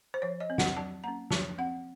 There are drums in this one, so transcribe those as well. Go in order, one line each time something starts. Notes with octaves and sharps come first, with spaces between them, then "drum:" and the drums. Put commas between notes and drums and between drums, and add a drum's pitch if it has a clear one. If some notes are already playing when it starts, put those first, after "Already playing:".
C5
F3 C#5
D#5
C4
F#5, drum: snare
F#3 A5
A#3 C#4 A#5
F3 A5, drum: snare
C4 F#5